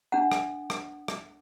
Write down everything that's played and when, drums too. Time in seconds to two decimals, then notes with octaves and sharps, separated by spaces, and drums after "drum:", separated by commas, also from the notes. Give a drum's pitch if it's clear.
0.12 D4 F#5
0.32 drum: rim click
0.70 drum: rim click
1.08 drum: rim click